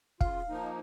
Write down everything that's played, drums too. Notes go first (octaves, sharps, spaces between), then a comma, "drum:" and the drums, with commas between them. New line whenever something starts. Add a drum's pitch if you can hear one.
C#3 F4 F5, drum: kick
F3 A#3 D#4